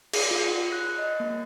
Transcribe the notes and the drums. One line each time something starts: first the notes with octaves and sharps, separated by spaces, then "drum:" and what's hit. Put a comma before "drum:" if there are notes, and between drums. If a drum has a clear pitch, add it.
G#4, drum: cymbal
F4
F#6
D#5
A#3